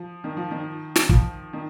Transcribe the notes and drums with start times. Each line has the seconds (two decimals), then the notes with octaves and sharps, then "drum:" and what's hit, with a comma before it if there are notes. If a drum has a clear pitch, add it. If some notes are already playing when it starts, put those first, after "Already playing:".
Already playing: F3
0.24 D#3
0.37 F3
0.51 D#3
0.96 drum: snare
1.09 F3, drum: kick
1.53 D#3